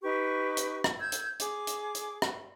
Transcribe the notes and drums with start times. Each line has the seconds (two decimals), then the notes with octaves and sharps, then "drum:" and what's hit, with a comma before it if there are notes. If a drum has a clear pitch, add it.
0.03 D#4 G4 B4 C#6
0.57 drum: hi-hat
0.84 drum: rim click
1.00 E6 G6 G#6
1.12 drum: hi-hat
1.39 G#4 D6, drum: hi-hat
1.67 drum: hi-hat
1.95 drum: hi-hat
2.22 drum: rim click